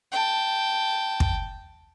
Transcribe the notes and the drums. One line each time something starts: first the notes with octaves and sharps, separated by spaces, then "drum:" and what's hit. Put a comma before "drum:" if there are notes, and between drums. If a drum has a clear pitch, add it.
G5 A5
drum: kick